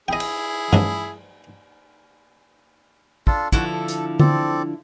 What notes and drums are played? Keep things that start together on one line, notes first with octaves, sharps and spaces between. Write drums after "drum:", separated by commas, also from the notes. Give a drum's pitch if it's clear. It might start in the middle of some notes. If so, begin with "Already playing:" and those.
E4 G#4 D#5 G5
drum: cymbal
G#2 C#3 D4, drum: tom G2
D4 F4 A4, drum: kick
D3 F3 E4 F#4, drum: kick
A4
drum: hi-hat
C4 A4 D5, drum: tom D3